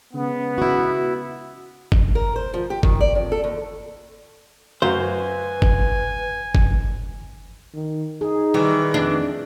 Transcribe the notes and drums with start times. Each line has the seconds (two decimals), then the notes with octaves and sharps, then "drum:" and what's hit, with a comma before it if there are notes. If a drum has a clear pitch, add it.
0.13 C#3 G#3 B3
0.58 E4 F#4
1.92 drum: kick F#1
2.15 A#4
2.36 C5
2.54 F3
2.70 G4
2.83 D#3, drum: kick F#1
3.01 D5
3.15 F2
3.32 A4
3.44 D#2
4.82 F#2 F#4 B4 C5 F5 G#5
5.62 drum: kick F#1
6.55 drum: kick F#1
7.74 D#3
8.21 D#4 G#4
8.54 D#3 E3 G3
8.94 F2 D4